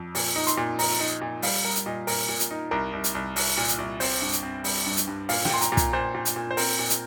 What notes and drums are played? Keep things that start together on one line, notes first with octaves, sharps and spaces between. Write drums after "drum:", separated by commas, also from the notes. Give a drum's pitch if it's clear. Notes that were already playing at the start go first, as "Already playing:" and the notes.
Already playing: F2
A#2, drum: open hi-hat
D#4
C6, drum: hi-hat
A#2
D#4 A#5, drum: open hi-hat
D#4
A#2
G3 F5, drum: open hi-hat
G3 A#4
drum: hi-hat
A#2 D#5
A#2 A#4, drum: open hi-hat
A#2
drum: hi-hat
D#4
C2 A#4
C2
drum: hi-hat
C2
C2, drum: open hi-hat
A#2
drum: hi-hat
C2
C4 C5, drum: open hi-hat
G2
drum: hi-hat
C4
G3, drum: open hi-hat
G2
drum: hi-hat
G2
A#2 F5, drum: open hi-hat
G5, drum: snare
A#2 C6
A#5, drum: hi-hat
A#2
A#5, drum: kick, hi-hat
A#2 C5
A#2
drum: hi-hat
A#2
C5
C4 A#4, drum: open hi-hat
A#2
drum: hi-hat